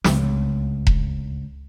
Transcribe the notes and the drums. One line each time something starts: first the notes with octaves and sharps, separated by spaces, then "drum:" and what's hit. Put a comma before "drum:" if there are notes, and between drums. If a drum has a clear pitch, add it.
D1 C#2, drum: snare
drum: kick E1